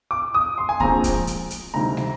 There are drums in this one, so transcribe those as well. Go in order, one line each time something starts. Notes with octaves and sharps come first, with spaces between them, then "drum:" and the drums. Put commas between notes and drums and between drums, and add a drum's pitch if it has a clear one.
D6
D#6
C6
G#5
A#1 A#2 F3 G#3 C4 A#5, drum: kick
drum: kick, hi-hat
drum: hi-hat
drum: hi-hat
D2 C3 D#3 G3 A#5
drum: snare